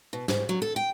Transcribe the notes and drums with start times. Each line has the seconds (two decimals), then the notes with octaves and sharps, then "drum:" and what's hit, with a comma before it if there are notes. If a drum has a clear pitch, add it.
0.13 B2
0.28 G#2, drum: snare
0.49 F#3
0.62 A4
0.76 G5